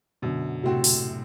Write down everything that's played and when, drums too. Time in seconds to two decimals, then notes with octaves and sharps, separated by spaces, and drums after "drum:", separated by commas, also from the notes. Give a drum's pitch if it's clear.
0.22 F#2 B2 D3
0.63 A2 C3 F#3 C4 F#4
0.84 drum: open hi-hat